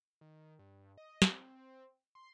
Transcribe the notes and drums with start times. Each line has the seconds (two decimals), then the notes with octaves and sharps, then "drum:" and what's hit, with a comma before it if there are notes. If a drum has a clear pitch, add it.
0.21 D#3
0.59 G2
0.98 D#5
1.22 C4, drum: snare
2.15 C6